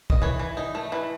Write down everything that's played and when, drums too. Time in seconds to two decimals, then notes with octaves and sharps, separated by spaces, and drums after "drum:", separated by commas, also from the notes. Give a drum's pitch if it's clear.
0.10 D#5, drum: kick
0.22 E3 C#5
0.39 E3
0.57 D#4
0.75 A3
0.92 E3